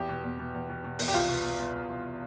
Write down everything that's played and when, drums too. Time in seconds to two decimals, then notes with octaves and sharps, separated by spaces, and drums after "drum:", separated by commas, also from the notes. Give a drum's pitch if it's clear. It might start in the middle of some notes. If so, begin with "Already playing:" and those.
Already playing: E2 G4
0.09 B2
0.24 E2
0.39 B2
0.54 E2
0.70 B2
0.84 B2
0.99 E2, drum: open hi-hat
1.08 G4
1.14 C2 F4
1.29 B2
1.44 B2
1.59 B2
1.75 C2
1.89 C2